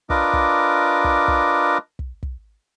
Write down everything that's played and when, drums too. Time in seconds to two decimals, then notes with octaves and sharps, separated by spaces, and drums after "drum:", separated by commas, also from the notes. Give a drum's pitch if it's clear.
0.10 D4 F4 A#4 B4 D#5 D6, drum: kick
0.33 drum: kick
1.04 drum: kick
1.28 drum: kick
1.99 drum: kick
2.23 drum: kick